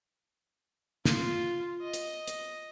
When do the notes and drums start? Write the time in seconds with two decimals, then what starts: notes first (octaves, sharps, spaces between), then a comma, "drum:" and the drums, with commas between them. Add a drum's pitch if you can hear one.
1.05 F4, drum: snare
1.82 D#5
1.93 drum: hi-hat
2.27 drum: hi-hat